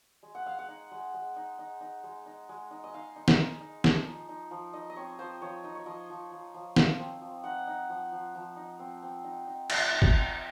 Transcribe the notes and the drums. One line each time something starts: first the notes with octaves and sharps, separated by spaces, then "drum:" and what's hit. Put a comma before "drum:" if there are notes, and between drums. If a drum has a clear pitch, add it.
G#3
F#5
G#3 F5
F#5
D#4
G#3
G#3
D#4
D#4
D#4
G#3
D#4
G#3
D#4
D#5
D#4 F5
D#4
drum: snare
D#4 F5
D#4
F3, drum: snare
D#4
D#4
F3
D#4 D#5
D#5
C4 C#5
F3 C5
F3 C#5
D#4 D#5
C#5
F3 D#5
F3
F3
F3
F3, drum: snare
C4
F3
D#4 F#5
D#4
F3
F3
F3
D#4
C4
C4
D#4
D#4
F3, drum: cymbal
D#4
drum: kick
C4